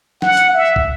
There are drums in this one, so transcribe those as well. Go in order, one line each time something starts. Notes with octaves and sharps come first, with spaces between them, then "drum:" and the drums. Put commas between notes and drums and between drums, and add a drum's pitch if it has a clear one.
F#5, drum: snare
drum: hi-hat
E5
drum: kick